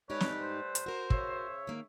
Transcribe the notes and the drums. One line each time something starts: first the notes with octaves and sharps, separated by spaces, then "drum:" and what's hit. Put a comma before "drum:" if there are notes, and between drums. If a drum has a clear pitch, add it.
G#2 G3 A3 D#4 G4 B4 C#5
drum: snare
C5
drum: hi-hat
F#4 A#4
C#3 C#5 E5, drum: kick
D#3 A#3